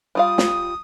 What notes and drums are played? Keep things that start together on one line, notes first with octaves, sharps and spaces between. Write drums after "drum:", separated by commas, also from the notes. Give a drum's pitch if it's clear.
G3 F4 F5 D#6
drum: snare